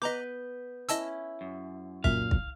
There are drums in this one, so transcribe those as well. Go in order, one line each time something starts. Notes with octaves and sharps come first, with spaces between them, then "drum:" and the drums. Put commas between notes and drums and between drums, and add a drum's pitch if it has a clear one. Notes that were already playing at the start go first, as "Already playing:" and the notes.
B3 B4 D#5 A#5 D6 G6
C#4 E4 D#5 A5 E6, drum: hi-hat
F#2
F#2 A#2 E5 F5, drum: kick
drum: kick